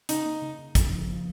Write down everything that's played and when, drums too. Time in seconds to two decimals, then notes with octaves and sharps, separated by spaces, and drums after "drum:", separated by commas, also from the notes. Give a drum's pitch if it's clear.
0.09 C#3 D#4, drum: hi-hat
0.26 A#3
0.42 C#3
0.58 C#3
0.75 C#3, drum: kick, hi-hat
0.91 F3
1.08 A#3